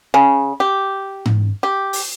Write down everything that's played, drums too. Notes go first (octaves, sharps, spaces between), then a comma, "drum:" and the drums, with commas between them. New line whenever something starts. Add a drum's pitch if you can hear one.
C#3
G4
drum: tom G#2
G4
drum: open hi-hat